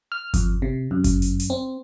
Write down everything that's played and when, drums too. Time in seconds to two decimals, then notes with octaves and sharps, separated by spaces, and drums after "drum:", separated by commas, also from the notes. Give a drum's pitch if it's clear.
0.12 F6
0.34 F2, drum: kick G1, hi-hat
0.62 C3
0.91 F#2
1.04 drum: kick G1, hi-hat
1.22 drum: hi-hat
1.40 drum: hi-hat
1.50 C4